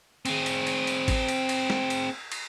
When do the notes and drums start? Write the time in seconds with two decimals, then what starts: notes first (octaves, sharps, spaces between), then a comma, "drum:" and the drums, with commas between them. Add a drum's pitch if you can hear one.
0.25 C4 G#4, drum: cymbal
0.46 drum: cymbal
0.67 drum: cymbal
0.87 drum: cymbal
1.08 drum: kick G#1, cymbal
1.29 drum: cymbal
1.49 drum: cymbal
1.70 drum: snare
1.90 drum: cymbal
2.32 drum: cymbal